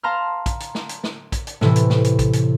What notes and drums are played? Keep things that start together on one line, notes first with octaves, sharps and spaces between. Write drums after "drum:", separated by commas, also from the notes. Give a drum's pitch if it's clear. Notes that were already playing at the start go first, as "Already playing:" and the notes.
F5 A5 A#5 C6 F6
drum: kick, hi-hat
drum: hi-hat
drum: snare
drum: hi-hat
drum: snare
drum: kick, hi-hat
drum: hi-hat
A2 C3 E3, drum: snare
drum: hi-hat
drum: snare
drum: hi-hat
drum: kick, hi-hat
drum: hi-hat